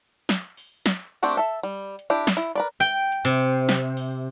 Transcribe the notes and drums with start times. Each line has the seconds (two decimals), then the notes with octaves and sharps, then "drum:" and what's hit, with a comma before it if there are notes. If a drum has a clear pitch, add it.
0.29 drum: snare
0.57 drum: open hi-hat
0.86 drum: snare
1.23 A3 C4 D4 F#4 G4
1.37 A4 E5
1.63 G3
1.99 drum: hi-hat
2.10 D4 E4 G4
2.27 drum: snare
2.37 E4
2.55 A#4 B4 D5, drum: hi-hat
2.80 G5
3.12 drum: hi-hat
3.25 C3
3.40 drum: hi-hat
3.69 drum: snare
3.97 drum: open hi-hat